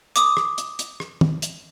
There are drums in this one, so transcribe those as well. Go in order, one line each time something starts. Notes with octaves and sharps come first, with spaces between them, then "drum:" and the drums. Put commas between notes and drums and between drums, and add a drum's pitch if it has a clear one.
D6 D#6, drum: hi-hat
drum: rim click
drum: hi-hat
drum: hi-hat
drum: rim click
drum: tom
drum: hi-hat